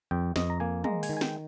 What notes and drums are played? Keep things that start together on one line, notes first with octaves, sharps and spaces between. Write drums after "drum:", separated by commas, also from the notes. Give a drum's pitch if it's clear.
F2 G5
F2 D#5, drum: snare
A#5
A#3 G#5
G#3 A#5, drum: tom
G#5, drum: open hi-hat
D#3
G#5
G5, drum: snare